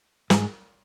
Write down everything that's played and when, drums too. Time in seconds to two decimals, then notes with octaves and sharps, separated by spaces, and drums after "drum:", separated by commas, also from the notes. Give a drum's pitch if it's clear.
0.30 G#2, drum: snare